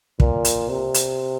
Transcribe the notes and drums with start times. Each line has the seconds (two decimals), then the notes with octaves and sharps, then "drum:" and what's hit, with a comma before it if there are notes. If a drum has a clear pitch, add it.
0.20 A#2, drum: kick
0.45 drum: hi-hat
0.69 C3
0.94 drum: hi-hat